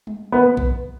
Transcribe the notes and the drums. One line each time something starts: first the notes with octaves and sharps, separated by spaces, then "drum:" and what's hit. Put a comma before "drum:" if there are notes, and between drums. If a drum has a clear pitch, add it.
drum: tom G3
B3
drum: kick B1